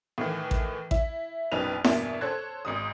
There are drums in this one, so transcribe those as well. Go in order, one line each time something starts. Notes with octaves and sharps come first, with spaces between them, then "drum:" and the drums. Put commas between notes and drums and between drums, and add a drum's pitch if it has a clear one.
A2 D#3 E3
drum: kick A1
E4, drum: kick A1
A#1 F#2 B2 D#4 B4 F7
E2 G2 B2 A#3 E4, drum: snare E4
A4 C5 C#5 F#6 G#6
G#1 G#2 D#6